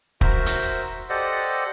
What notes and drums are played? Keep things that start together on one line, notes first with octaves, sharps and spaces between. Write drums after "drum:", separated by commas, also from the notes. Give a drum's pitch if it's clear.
F#4 A#4 C5 E5, drum: kick
drum: hi-hat
G4 A4 C5 D5 D#5 F#5